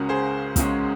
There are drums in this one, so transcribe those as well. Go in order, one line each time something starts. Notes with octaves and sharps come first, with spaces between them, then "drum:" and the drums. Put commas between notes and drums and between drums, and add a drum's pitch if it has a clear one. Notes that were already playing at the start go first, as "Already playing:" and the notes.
Already playing: C#2 C#3 G#3 C#4 F#4 A#4
G#4 C5
C#2 C#3 G#3 C#4, drum: kick, hi-hat